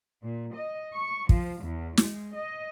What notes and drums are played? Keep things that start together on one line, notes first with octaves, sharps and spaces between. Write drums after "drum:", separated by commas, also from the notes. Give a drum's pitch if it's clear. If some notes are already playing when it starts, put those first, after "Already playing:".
A#2
D#5
C#6
F3, drum: kick
E2
G#3, drum: snare
D#5